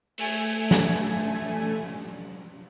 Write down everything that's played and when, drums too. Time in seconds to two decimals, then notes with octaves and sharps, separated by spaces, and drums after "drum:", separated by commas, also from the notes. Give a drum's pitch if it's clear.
0.18 A3 G#5, drum: open hi-hat
0.71 drum: snare